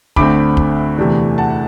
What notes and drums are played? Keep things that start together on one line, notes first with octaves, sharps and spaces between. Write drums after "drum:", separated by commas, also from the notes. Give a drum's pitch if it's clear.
D2 D3 A3 C4 B5 D6, drum: kick
drum: kick
E2 C3 E3 A3 D4
F#5 A5
F#5